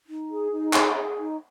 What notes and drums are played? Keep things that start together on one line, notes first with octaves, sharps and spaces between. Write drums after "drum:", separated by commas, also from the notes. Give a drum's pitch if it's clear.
D#4
G#4
D#4
G#4, drum: clap
G#4
D#4